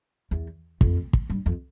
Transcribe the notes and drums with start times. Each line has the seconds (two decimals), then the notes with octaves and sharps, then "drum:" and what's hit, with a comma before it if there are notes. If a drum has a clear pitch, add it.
0.31 E2
0.81 F2, drum: kick
1.13 drum: kick
1.30 G2
1.46 F2